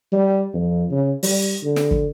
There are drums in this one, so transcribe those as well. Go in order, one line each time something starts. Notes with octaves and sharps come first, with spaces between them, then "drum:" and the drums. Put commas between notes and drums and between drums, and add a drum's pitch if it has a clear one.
G3
F2
C#3
G3, drum: open hi-hat
D3
drum: snare
drum: kick